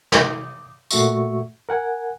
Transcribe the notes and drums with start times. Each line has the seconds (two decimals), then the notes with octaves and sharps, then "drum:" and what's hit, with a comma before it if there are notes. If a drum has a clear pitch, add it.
0.12 D6 D#6, drum: snare
0.91 A#2 A3 F#4 E5 C#6, drum: tambourine
1.69 A#4 F#5 G#5